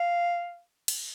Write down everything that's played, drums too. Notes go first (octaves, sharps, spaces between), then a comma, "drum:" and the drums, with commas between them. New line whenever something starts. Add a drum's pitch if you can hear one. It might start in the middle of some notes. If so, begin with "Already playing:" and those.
Already playing: F5
drum: cymbal